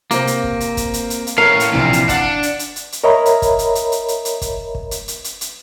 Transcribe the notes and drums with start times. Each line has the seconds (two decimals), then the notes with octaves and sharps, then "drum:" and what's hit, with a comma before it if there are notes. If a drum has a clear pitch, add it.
0.11 C3 A#3 C4, drum: hi-hat
0.27 drum: hi-hat
0.44 drum: kick
0.60 drum: hi-hat
0.77 drum: kick, hi-hat
0.94 drum: hi-hat
1.10 drum: hi-hat
1.27 drum: hi-hat
1.38 A2 C#4 A#4 F5 F6
1.60 drum: hi-hat
1.73 A#1 C3 E3
1.93 drum: hi-hat
2.09 D4 F#5, drum: kick, hi-hat
2.43 drum: hi-hat
2.59 drum: hi-hat
2.76 drum: hi-hat
2.92 drum: hi-hat
3.04 A#4 C#5 D#5 E5 A#5 B5
3.26 drum: hi-hat
3.42 drum: kick, hi-hat
3.59 drum: hi-hat
3.75 drum: hi-hat
3.92 drum: hi-hat
4.08 drum: hi-hat
4.25 drum: hi-hat
4.42 drum: kick, hi-hat
4.75 drum: kick
4.91 drum: hi-hat
5.08 drum: hi-hat
5.24 drum: hi-hat
5.41 drum: hi-hat